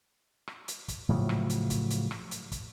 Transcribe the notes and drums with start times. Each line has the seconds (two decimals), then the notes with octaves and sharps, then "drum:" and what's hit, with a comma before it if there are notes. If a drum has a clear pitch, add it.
0.47 drum: rim click
0.68 drum: hi-hat
0.88 drum: kick, hi-hat
1.09 A2 C#3 F3 F#3
1.29 drum: rim click
1.50 drum: hi-hat
1.70 drum: kick, hi-hat
1.90 drum: hi-hat
2.11 drum: rim click
2.31 drum: hi-hat
2.52 drum: kick, hi-hat